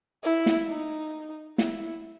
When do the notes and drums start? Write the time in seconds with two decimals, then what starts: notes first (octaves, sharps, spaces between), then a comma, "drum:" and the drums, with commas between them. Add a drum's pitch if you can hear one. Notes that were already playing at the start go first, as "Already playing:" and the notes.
0.24 E4
0.46 drum: snare
0.69 D#4
1.58 E4, drum: snare